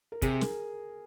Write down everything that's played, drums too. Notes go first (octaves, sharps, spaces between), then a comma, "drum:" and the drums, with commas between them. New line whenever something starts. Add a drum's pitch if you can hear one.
A#4
C3 G#4, drum: kick, hi-hat
A#4, drum: snare